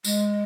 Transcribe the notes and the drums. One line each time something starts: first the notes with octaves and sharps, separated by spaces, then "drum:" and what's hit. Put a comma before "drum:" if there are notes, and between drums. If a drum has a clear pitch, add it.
G#3, drum: tambourine